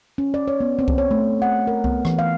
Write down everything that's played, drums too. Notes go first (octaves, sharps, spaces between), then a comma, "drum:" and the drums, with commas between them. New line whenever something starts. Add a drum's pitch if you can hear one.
C#4
D5
C#5
B3
C4
drum: kick C2
C#5
A3
F#5
A#4
B3, drum: kick C2
E3, drum: rim click
F5